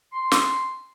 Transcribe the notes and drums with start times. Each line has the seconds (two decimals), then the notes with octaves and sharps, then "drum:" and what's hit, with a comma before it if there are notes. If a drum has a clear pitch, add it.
0.12 C6
0.32 drum: snare